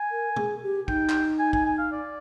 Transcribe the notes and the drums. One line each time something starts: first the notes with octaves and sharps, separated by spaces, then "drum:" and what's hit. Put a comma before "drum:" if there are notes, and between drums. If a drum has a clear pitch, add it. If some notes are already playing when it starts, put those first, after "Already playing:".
Already playing: G#5
A#4
G#4, drum: tom
G4
D#4 G5, drum: kick
drum: clap
G#5
G#5, drum: kick
G#5
F5
D5